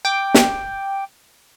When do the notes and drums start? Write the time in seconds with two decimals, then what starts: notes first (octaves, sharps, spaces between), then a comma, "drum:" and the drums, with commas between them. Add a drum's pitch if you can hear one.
0.05 G5 D6
0.34 drum: snare